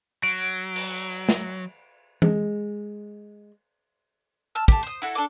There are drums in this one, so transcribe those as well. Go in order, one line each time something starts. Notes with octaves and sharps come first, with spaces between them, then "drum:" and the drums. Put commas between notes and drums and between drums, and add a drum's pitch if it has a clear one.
F#3 D7
drum: cymbal
drum: snare
G#3, drum: tom E3
A5 E6 F6
G4 A4, drum: kick
C5 D#6
E4 F#4 A4
D4 A4 D6